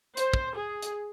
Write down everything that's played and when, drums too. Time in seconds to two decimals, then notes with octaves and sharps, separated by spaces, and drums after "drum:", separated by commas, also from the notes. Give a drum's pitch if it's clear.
0.17 C5, drum: hi-hat
0.34 drum: kick
0.56 G#4
0.82 drum: hi-hat